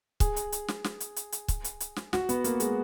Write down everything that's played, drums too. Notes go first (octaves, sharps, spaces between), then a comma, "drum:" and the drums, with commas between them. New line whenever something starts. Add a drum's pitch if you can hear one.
G#4, drum: kick C#1, hi-hat
drum: hi-hat
drum: hi-hat
drum: snare
drum: snare
drum: hi-hat
drum: hi-hat
drum: hi-hat
drum: kick C#1, hi-hat
drum: hi-hat
drum: hi-hat
drum: snare
F#4, drum: snare
B3, drum: hi-hat
A#3, drum: hi-hat
G#3, drum: hi-hat